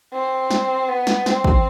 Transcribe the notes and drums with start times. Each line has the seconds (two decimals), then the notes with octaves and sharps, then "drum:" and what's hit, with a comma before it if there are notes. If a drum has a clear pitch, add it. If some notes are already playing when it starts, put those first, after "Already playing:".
0.13 C4
0.51 drum: snare
0.88 B3
1.07 drum: snare
1.26 C4, drum: snare
1.44 drum: kick